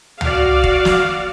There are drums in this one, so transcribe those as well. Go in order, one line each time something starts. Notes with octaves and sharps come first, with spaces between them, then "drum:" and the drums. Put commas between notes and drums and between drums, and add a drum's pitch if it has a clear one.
F#4 D5 F5, drum: tom C#2
drum: kick
drum: snare